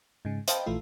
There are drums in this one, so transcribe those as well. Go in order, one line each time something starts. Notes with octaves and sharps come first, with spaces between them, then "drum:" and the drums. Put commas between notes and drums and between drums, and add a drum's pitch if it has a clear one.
G#2 C#3
C5 D#5 F5 G5 A5 B5, drum: hi-hat
A#1 E3 A3 F4